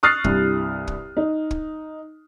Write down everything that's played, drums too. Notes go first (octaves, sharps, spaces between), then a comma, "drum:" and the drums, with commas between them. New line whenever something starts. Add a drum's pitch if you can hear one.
C#6 D#6 F6 F#6 A6 C7
C2 G2 E4, drum: kick
drum: kick
D#4
drum: kick